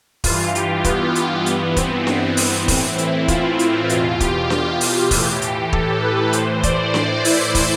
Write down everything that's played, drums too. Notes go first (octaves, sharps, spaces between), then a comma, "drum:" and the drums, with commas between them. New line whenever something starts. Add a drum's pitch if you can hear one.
G2 E3 F4, drum: kick, open hi-hat
G4, drum: hi-hat
B3, drum: kick, hi-hat
drum: hi-hat
G2 E3 B3, drum: hi-hat
C4, drum: kick, hi-hat
drum: snare D4
C4, drum: open hi-hat
A2 E3, drum: kick, open hi-hat
E4, drum: hi-hat
F4, drum: kick, hi-hat
F4, drum: hi-hat
E2 B2 F4, drum: hi-hat
G4, drum: kick, hi-hat
drum: snare D4
drum: open hi-hat
A2 E3 G4, drum: kick, open hi-hat
drum: hi-hat
A4, drum: kick
B4
A2 E3 C5, drum: hi-hat
D5, drum: kick, hi-hat
drum: snare D4
E4, drum: open hi-hat
drum: kick, open hi-hat